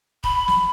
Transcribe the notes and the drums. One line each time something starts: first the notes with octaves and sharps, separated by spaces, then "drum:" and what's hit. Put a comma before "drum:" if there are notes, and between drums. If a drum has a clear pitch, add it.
B5, drum: kick
drum: snare